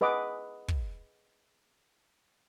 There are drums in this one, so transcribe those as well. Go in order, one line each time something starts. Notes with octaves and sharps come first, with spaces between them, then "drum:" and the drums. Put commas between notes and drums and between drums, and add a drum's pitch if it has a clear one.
G#4 B4 D#5 F#5 D6
drum: kick